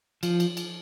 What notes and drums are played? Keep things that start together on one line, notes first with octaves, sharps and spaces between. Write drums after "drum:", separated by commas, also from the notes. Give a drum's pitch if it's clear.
F3, drum: cymbal
drum: cymbal
drum: cymbal